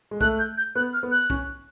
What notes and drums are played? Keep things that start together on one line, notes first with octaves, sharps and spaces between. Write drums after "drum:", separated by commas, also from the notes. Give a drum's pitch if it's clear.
G#3
A3 F#6, drum: kick B1
G6
G6
B3 F#6
F6
B3
F#6
C#4, drum: kick B1